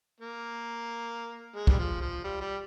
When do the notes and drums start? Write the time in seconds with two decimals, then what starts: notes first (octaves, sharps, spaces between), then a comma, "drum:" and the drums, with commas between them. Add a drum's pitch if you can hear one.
0.20 A#3
1.56 G#3
1.67 G3, drum: kick
1.79 F3
2.01 F3
2.24 G3
2.41 G3